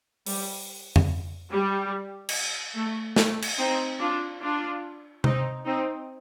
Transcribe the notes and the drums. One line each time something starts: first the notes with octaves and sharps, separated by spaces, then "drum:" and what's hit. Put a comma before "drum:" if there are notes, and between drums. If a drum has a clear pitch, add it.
G3, drum: open hi-hat
drum: tom F2
G3
drum: cymbal
A3
A3, drum: snare
drum: cymbal
C4 D#4
D4 F4
D4 F4
C4 D#4, drum: tom C3
C4 D#4